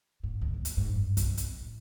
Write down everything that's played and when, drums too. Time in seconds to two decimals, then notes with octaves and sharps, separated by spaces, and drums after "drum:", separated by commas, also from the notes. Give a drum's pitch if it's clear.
0.23 G#2
0.41 D2
0.54 D#2
0.65 drum: hi-hat
0.77 G#2
0.95 G2
1.17 C2, drum: kick, hi-hat
1.37 C3, drum: hi-hat
1.61 A2